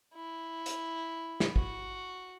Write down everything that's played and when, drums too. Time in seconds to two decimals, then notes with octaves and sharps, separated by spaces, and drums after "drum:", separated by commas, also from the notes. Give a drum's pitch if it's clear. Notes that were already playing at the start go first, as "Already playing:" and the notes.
0.14 E4
0.66 drum: hi-hat
1.40 drum: snare
1.56 F#4, drum: kick